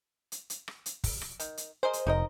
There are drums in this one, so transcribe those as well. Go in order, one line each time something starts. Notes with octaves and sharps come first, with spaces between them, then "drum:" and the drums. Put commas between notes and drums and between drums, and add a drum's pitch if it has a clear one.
drum: hi-hat
drum: hi-hat
drum: rim click
drum: hi-hat
drum: kick, open hi-hat
drum: rim click
D#3, drum: hi-hat
drum: hi-hat
G#4 A#4 C5 D#5
drum: hi-hat
F1 D#4 A#4 D#5